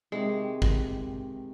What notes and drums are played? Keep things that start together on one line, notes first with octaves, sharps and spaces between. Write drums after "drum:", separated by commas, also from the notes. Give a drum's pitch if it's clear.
C3 D#3 G#3 G4
drum: kick